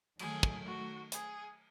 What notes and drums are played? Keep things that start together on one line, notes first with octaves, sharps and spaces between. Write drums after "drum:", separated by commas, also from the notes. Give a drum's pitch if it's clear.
D#3 F#3 A3 G#4, drum: cymbal
drum: kick
F#4
G#4, drum: hi-hat